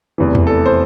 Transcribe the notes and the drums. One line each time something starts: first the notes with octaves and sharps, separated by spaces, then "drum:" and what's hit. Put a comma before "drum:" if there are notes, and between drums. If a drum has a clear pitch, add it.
F1 E2 C3 E3
drum: tom E2
A4
C5